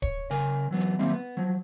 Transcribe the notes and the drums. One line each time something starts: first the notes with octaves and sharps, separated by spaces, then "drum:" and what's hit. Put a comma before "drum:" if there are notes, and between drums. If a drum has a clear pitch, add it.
C#5, drum: kick D1
C#3 A#4 G#5
E3 F#3 B3
drum: hi-hat
D#3 F#3 G3 A#3 C4 E4
B3
F3 F#3